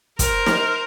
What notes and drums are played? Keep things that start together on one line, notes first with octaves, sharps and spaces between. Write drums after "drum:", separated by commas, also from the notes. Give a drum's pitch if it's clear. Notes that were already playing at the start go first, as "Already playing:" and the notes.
A#4 C5, drum: kick, hi-hat
drum: snare